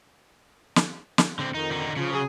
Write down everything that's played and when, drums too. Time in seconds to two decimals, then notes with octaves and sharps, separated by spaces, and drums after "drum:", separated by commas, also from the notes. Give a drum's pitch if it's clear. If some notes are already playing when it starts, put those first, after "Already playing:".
0.76 drum: snare
1.18 drum: snare
1.39 D3 C4
1.54 F2 D#3 D#4
1.71 D3 D#4
1.96 C#3 F3
2.12 F#3 G#4